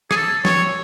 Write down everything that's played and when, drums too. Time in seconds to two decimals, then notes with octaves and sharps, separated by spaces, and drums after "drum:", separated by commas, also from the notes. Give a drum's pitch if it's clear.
0.11 G#4, drum: rim click
0.16 A4
0.45 C#5, drum: snare F3